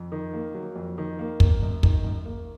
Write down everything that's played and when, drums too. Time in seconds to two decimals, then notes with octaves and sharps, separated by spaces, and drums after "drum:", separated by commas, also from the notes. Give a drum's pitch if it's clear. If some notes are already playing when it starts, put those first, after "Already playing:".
Already playing: F2
0.12 D#3
0.34 A#3
0.55 F#3
0.76 F2
0.98 D#3
1.19 A#3
1.40 A#3, drum: kick
1.62 F#2
1.83 D#3, drum: kick
2.04 F#2
2.26 A#3